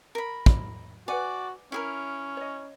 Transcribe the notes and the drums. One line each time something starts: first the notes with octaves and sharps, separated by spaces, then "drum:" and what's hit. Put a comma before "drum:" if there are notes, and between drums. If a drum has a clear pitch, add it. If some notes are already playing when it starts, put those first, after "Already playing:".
A#4 B5
drum: kick
F#4 B4 D5 F#5 G#5
C#4 E4 G#4 A#4
C#5 D#5